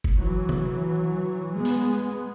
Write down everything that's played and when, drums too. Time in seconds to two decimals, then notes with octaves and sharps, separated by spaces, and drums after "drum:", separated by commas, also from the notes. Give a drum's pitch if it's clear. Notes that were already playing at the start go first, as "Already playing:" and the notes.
0.04 drum: kick F#1
0.16 E3 F#3
0.49 drum: tom C3
1.53 G#3 B3
1.65 drum: open hi-hat